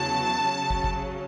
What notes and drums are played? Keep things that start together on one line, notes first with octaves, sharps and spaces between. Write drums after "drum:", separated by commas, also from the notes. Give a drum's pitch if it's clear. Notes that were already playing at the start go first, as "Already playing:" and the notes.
Already playing: E2 C#3 F#3 A5
C#3 F#3 C#4
drum: kick
drum: kick